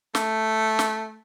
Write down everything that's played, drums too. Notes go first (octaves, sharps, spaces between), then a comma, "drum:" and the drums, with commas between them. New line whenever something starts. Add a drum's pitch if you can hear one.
A3, drum: snare
drum: snare